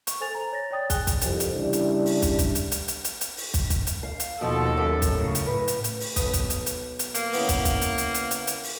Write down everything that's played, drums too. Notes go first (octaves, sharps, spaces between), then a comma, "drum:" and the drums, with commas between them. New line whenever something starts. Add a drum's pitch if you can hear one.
C#6, drum: hi-hat
A4 C5 G#5 A6 F7
A#5
C#5 A6 A#6
C#5 D5 G5 D#6 A6
G#4 G5 G#5 F#6 G7, drum: kick, hi-hat
drum: kick, hi-hat
C2 F2, drum: hi-hat
drum: hi-hat
C#3 E3 G3 D4 E4
drum: hi-hat
drum: open hi-hat
drum: kick, hi-hat
drum: kick, hi-hat
drum: hi-hat
drum: hi-hat
drum: hi-hat
drum: hi-hat
drum: hi-hat
drum: open hi-hat
drum: kick, hi-hat
drum: kick, hi-hat
drum: hi-hat
F5
drum: hi-hat
D#2 B2 F3 A4
F#2
drum: kick, hi-hat
A2 C#3
drum: hi-hat
A2 B4
drum: hi-hat
drum: hi-hat
drum: open hi-hat
B1 B4 D#6, drum: kick, hi-hat
drum: kick, hi-hat
drum: hi-hat
drum: hi-hat
drum: hi-hat
A#3, drum: hi-hat
C#3 E3 B3, drum: open hi-hat
drum: kick, hi-hat
drum: kick, hi-hat
drum: hi-hat
drum: hi-hat
drum: hi-hat
drum: hi-hat
drum: hi-hat
drum: open hi-hat